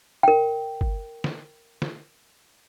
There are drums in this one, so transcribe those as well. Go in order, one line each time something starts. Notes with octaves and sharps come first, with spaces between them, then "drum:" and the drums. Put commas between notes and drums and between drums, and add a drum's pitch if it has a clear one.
A#4 G5
drum: kick
drum: snare
drum: snare